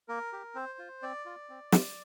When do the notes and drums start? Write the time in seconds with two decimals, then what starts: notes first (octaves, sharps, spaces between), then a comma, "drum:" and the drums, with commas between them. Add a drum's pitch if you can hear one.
0.08 A#3 A#4
0.33 G4
0.55 C4 C5
0.79 F4
1.02 C4 D5
1.26 F4
1.49 C4
1.72 F4, drum: snare